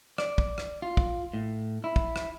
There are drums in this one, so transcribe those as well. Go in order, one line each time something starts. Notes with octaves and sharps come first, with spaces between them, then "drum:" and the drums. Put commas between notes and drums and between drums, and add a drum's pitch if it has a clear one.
D5, drum: rim click
drum: kick
drum: rim click
F4
drum: kick
A2
E4
drum: kick
drum: rim click